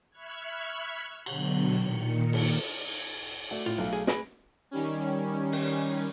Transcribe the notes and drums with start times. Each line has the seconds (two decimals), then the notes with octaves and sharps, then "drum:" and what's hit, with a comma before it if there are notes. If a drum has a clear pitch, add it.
0.10 E5 B5 C#6 F6 F#6 G#6
1.26 B2 D3 F#3, drum: cymbal
1.79 A#2 D#3 C#7
2.33 drum: cymbal
3.51 A3 F#4 D5
3.66 A2 F4
3.78 B1 A3 F5
3.93 G#4
4.07 G#4 B4 A#6 D7, drum: snare
4.71 D#3 G3 C#4
5.52 drum: open hi-hat